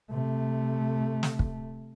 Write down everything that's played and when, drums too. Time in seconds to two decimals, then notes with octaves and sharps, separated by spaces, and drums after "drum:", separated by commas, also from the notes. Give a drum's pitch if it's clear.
0.11 C3 A3
1.23 drum: snare
1.39 drum: kick